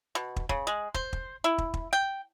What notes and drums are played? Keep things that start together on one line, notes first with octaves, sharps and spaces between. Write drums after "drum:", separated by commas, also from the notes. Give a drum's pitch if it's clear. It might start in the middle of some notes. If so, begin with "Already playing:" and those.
B2
drum: kick
C#3, drum: kick
G#3
C5, drum: kick
drum: kick
E4
drum: kick
drum: kick
G5